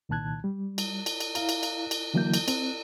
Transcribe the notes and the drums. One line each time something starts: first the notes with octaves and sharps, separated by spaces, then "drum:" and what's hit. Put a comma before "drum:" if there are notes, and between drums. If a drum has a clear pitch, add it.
C2 A#2 D#3 A5 F#6 G#6
G3
drum: cymbal
drum: cymbal
drum: cymbal
E4 F5 A#5, drum: cymbal
drum: cymbal
drum: cymbal
drum: cymbal
D3 E3 F#3 A#3 E4 G6
drum: cymbal
C4, drum: cymbal